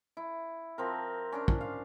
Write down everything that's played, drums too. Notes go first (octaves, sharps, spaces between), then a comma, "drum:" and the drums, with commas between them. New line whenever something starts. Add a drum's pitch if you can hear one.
E4
F3 C4 A#4
C#4 D4 D6
drum: kick
F5